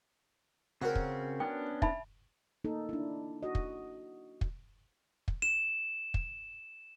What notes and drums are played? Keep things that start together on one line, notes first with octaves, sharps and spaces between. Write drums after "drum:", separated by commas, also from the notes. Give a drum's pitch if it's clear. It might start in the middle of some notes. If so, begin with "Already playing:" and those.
C#3 C4 C#4 F#4 A#4
drum: kick
B3 C#4 D4 G5
E5 A5 B5, drum: kick
A#3 D#4 A4
D4 E4
F#4 D#5
drum: kick
drum: kick
drum: kick
E7
drum: kick